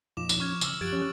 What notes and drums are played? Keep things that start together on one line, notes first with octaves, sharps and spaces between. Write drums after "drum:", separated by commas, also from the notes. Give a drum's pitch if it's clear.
F2 A#2 F3 D#4 D6 E7
drum: tambourine
C#4 C#6 F6 G#6
C#3 D6 E6 F6, drum: tambourine
F#2 F3 G4 F#6 G#6 A6 D7
C#4